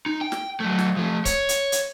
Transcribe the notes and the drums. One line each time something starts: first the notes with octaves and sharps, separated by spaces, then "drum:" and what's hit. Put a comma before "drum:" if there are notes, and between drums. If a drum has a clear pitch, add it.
D#4
G5
drum: snare
F#3 A3
drum: snare
F3 A3
C#5, drum: kick C#1, hi-hat
drum: hi-hat
drum: hi-hat